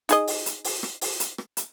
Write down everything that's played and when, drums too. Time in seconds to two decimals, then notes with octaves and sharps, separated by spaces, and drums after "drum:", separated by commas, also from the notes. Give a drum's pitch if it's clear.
0.09 D#4 G#4 D#5, drum: hi-hat
0.27 drum: open hi-hat
0.46 drum: hi-hat
0.64 drum: open hi-hat
0.83 drum: rim click
1.01 drum: open hi-hat
1.20 drum: hi-hat
1.38 drum: rim click
1.57 drum: hi-hat